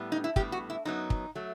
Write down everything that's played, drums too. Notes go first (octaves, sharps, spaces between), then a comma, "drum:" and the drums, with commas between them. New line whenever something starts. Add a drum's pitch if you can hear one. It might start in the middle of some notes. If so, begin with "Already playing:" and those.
Already playing: A2 G3 B3
D#4
E4
A2 G3 B3 G4, drum: kick
F#4
E4
F#2 F#3 B3 D#4
drum: kick
F#3 A3